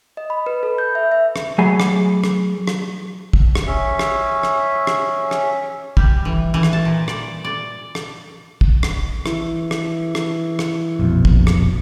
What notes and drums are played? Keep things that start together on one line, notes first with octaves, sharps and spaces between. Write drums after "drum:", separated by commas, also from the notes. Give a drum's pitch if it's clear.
D#5
B5
B4
A4
G6
E5
E5
drum: rim click
F#3 A3 G#4 G#5 B5
drum: rim click
drum: rim click
drum: rim click
drum: kick
drum: rim click
C#4 E5
drum: rim click
drum: rim click
drum: rim click
drum: rim click
G3, drum: kick
E3
E3
drum: rim click
A5
A#2
D5, drum: rim click
D5
drum: rim click
drum: kick
drum: rim click
E3, drum: rim click
drum: rim click
drum: rim click
drum: rim click
A#1 F2 B2
drum: kick
drum: rim click